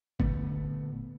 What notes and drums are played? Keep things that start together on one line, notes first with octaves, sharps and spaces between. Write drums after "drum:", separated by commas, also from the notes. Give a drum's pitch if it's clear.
A#2 D3 A3 B3, drum: kick G1